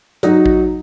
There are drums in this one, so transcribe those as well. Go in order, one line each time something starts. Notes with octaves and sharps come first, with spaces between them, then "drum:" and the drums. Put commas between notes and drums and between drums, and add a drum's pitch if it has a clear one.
F#3 D#4 F#4, drum: hi-hat
drum: kick A1